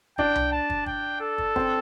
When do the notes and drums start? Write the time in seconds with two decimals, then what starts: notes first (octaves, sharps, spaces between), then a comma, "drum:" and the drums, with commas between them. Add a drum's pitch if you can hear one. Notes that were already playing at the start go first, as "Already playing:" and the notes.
0.18 D4 G5, drum: kick
0.35 drum: tom C2
0.52 A5
0.70 drum: kick
0.86 G5, drum: kick
1.21 A4
1.38 drum: kick
1.56 C4, drum: kick